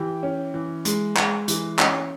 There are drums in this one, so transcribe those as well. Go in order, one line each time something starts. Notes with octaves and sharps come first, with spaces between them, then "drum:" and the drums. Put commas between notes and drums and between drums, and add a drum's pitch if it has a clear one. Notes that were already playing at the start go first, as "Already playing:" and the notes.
Already playing: E3 G4 G5
C#4
E3
G#3, drum: hi-hat
G#3, drum: clap
E3, drum: hi-hat
C#4 D#5, drum: clap